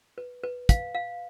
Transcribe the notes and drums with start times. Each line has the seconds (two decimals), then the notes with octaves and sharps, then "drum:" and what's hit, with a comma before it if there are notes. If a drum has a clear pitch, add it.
0.18 B4
0.43 B4
0.69 F5, drum: kick, hi-hat
0.95 F5